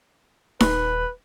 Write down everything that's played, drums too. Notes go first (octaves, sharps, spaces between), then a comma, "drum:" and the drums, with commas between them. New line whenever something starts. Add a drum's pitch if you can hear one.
D#1 B4, drum: snare D#4